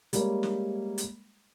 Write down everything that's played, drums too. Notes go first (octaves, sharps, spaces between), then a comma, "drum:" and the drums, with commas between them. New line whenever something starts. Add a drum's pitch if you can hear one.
G3 G#3 A#3 C#4, drum: hi-hat
drum: snare
drum: hi-hat